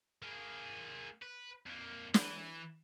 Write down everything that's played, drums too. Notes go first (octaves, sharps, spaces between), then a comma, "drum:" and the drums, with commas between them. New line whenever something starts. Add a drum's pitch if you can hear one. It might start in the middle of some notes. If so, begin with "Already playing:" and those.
A#3 G#4
B4
F2 A#3
E3, drum: snare